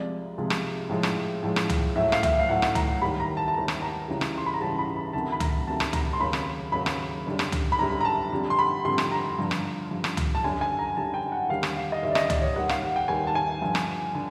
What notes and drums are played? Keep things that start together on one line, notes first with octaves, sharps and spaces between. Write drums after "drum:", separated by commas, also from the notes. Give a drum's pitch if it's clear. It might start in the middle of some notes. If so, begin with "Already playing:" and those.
Already playing: C2 C3 F3 G#3 D5
C2 C3 F3 G#3
drum: rim click
A2 F3 G#3
drum: rim click
A2 F3 G#3
drum: rim click
drum: tom
A2 F#3 A3 E5
F5, drum: rim click
E5, drum: tom
F5
A2 F#3 A3 F#5
drum: rim click
A#5, drum: tom
D#2 D#3 G3 B5
A#5
A5
A5
D#2 D#3 G3 A#5
drum: rim click
A#5
C#2 C#3 E3 G3
drum: rim click
C6
B5
A#5
C#2 C#3 E3 G3 A5
B5
B5
D2 C3 D#3 F#3 A3 A5
B5
A#5, drum: tom
D2 C3 D#3 F#3 A3 A5
drum: rim click
A#5, drum: tom
C6
D#2 C#3 F#3 B5
drum: rim click
D#2 C#3 F#3 B5
drum: rim click
F#2 D3 G3
drum: rim click
drum: tom
B5
F#2 D3 G3 A#5
A#5
A5
F2 D3 G3
C6
B5
F2 D3 G3 C6
drum: rim click
A#5
G2 D3 F3
drum: rim click
G2 D3 F3
drum: rim click
drum: tom
A5
F#2 D3 G3 G#5
G#5
A#5
F#2 D3 G3 A5
G5
F#5
D#2 D3 G3 F5
drum: rim click
F5
D#5
D#2 D3 G3 E5
D5
D#5, drum: rim click
D5, drum: tom
C#5
D#2 D#3 G3 F#5
F5, drum: rim click
F#5
G5
D#2 D#3 G3 G#5
A5
G#5
G2 D3 F3
drum: rim click
D3